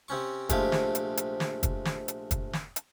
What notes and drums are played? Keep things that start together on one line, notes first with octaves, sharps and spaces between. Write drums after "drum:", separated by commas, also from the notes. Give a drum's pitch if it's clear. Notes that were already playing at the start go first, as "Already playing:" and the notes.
C3 C4 C#4 C#6
A#1 C3 G#3 A3 G4 F5, drum: kick, hi-hat
drum: snare
drum: hi-hat
drum: hi-hat
drum: snare
drum: kick, hi-hat
drum: snare
drum: hi-hat
drum: kick, hi-hat
drum: snare
drum: hi-hat